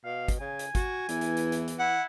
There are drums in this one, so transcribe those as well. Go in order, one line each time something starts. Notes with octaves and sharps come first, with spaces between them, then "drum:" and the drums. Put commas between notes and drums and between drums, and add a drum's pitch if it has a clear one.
B2 F5
drum: kick, hi-hat
C#3 G#5
drum: hi-hat
F#4, drum: kick, hi-hat
E2 E3, drum: hi-hat
drum: hi-hat
drum: hi-hat
drum: hi-hat
drum: hi-hat
E4 F#5